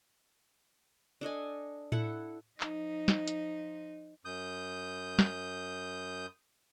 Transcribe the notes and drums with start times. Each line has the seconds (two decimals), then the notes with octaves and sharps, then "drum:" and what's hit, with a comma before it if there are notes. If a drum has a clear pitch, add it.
1.21 D4 A4 D#5 G#5
1.92 E4 A4 F#5, drum: tom A2
2.60 F3 D#4, drum: clap
3.08 drum: snare
3.28 drum: hi-hat
4.25 F#2 D#6 G6
5.19 drum: snare